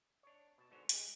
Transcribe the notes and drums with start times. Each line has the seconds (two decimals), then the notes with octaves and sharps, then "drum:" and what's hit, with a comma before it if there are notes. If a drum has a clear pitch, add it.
0.23 D4 C#5
0.58 B2 A5
0.71 G#2 D3 F#3 B3 C5 C#5
0.89 G#2 G#3 G4, drum: hi-hat